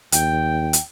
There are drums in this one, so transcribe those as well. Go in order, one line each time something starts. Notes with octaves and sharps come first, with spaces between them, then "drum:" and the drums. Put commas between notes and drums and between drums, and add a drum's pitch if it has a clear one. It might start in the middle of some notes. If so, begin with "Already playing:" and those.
D#2 G5, drum: hi-hat
drum: hi-hat